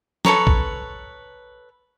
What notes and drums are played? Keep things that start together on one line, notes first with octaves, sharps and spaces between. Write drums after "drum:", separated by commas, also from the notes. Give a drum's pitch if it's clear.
A4 B4 C#5 A#5, drum: snare
drum: kick A#1